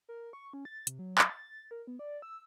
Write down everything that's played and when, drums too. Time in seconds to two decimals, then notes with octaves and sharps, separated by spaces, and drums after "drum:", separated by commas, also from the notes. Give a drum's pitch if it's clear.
0.09 A#4
0.33 C#6
0.53 C#4
0.65 A6
0.87 C3, drum: hi-hat
0.99 F#3
1.18 drum: clap
1.30 A6
1.43 A6
1.71 A#4
1.87 B3
1.99 D5
2.22 E6